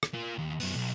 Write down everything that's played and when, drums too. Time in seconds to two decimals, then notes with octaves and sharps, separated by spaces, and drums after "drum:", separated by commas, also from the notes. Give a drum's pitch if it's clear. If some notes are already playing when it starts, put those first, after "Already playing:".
0.03 drum: rim click
0.14 A#3 F4
0.38 D#2
0.60 F#2 B3, drum: open hi-hat
0.75 B1